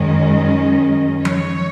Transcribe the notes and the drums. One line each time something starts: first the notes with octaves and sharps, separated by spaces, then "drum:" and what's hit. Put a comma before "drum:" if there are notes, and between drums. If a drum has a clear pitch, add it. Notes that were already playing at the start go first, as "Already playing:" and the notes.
Already playing: F#2 D#3 G#3 C#4 D#5
C#5, drum: tom F3